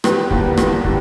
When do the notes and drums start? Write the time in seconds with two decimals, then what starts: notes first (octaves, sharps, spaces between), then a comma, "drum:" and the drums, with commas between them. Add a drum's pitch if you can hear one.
0.04 E2 G4 B4, drum: rim click
0.31 D3 G3 A#3, drum: kick
0.57 E2, drum: rim click
0.84 D3 G3, drum: kick